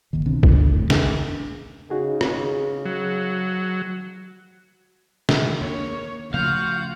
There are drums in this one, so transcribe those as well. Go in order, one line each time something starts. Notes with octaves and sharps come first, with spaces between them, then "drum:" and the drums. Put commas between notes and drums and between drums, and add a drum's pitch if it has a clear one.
D1 G1 D#2 D#3
C2 B2 D3 C4
E1 B1 D3, drum: kick
A2
E2 C#3, drum: snare
C#3 D#4 F#4 G#4
drum: rim click
F#3
drum: snare
D#2 A#3 C#5
C#3 F3 A3 F4 F#4 F5 F#5 G6